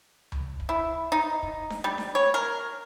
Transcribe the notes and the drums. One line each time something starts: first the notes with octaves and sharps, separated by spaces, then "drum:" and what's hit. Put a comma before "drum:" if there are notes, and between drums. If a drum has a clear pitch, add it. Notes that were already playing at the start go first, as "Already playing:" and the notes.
drum: tom C#2
drum: kick
E4
D#4
drum: kick
drum: snare D4
G3
drum: snare D4
C#5
A#4